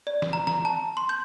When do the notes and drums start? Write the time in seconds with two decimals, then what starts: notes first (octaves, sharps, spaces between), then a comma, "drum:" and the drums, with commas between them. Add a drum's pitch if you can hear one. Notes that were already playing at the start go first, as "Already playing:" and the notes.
0.07 D5
0.22 drum: snare
0.33 A#5
0.47 A#5, drum: snare
0.65 A5
0.97 C6
1.09 G6